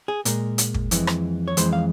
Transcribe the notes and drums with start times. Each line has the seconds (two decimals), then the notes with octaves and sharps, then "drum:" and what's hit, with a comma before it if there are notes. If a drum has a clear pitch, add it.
0.08 G#4
0.25 A#2 G#3 A#4, drum: hi-hat
0.58 drum: hi-hat
0.74 drum: kick
0.91 F2 E3 G#3, drum: hi-hat
1.07 drum: rim click
1.48 C#5
1.57 F2 E3 G#3 C5, drum: hi-hat
1.73 F5